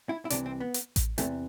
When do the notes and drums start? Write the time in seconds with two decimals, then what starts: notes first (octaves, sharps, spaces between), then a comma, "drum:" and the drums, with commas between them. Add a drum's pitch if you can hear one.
0.09 E4
0.25 E4
0.30 C2 C3 E3 D4, drum: hi-hat
0.46 C4
0.60 B3
0.74 drum: hi-hat
0.96 drum: kick A1, hi-hat
1.18 E2 C3 E3 A3, drum: hi-hat